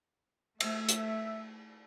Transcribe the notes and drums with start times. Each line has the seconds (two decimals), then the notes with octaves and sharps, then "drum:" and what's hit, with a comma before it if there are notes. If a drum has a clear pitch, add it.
0.60 A3 E5, drum: cymbal
0.89 drum: hi-hat